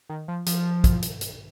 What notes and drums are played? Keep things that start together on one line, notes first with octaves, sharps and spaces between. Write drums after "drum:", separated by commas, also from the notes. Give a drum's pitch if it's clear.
D#3
F3
F3, drum: hi-hat
drum: kick, hi-hat
drum: hi-hat
drum: hi-hat